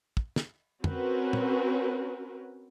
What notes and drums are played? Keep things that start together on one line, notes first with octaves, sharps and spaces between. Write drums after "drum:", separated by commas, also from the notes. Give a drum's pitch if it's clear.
drum: kick
drum: snare
C4 C#4 F#4 A#4 B4, drum: tom F2
drum: tom